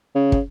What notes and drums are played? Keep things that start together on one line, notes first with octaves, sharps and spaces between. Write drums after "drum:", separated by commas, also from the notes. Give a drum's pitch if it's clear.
C#3
drum: kick